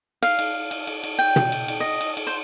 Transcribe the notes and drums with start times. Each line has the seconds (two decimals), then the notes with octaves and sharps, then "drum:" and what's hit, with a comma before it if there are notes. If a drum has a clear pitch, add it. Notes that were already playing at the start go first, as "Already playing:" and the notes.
0.23 F5, drum: cymbal
0.39 drum: cymbal
0.71 drum: cymbal
0.87 drum: cymbal
1.04 drum: cymbal
1.19 G5
1.36 drum: tom
1.52 drum: cymbal
1.68 drum: cymbal
1.80 D#5
2.01 drum: cymbal
2.17 drum: cymbal
2.27 C5